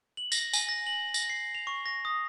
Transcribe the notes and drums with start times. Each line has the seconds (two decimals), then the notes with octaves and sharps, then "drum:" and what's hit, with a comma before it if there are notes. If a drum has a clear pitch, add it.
0.17 F#7
0.32 A#6, drum: tambourine
0.53 G#5, drum: tambourine
0.69 A#6
0.86 F#7
1.14 A#6, drum: tambourine
1.30 C7
1.55 F7
1.67 C#6
1.86 A#6
2.05 D#6